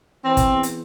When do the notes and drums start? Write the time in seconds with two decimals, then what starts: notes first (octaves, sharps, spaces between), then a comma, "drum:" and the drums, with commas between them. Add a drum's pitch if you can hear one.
0.24 E3 C4
0.37 drum: kick, hi-hat
0.50 E2
0.63 drum: hi-hat